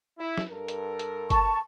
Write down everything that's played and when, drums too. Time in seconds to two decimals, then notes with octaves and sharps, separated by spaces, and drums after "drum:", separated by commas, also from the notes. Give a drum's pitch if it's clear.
0.18 E4
0.37 drum: snare
0.50 G2 A4 A#4
0.68 drum: hi-hat
0.99 drum: hi-hat
1.30 A5 C#6, drum: kick F#1, hi-hat